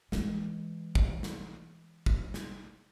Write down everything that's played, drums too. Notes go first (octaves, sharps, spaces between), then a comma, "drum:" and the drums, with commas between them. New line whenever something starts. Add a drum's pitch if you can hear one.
E3 G#3, drum: snare
drum: kick
drum: snare
drum: kick
drum: snare